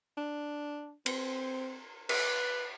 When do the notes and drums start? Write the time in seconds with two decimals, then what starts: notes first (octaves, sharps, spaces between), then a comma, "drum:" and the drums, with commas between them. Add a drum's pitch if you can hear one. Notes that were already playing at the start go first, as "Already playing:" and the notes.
0.18 D4
1.06 C4, drum: cymbal
2.09 B4, drum: cymbal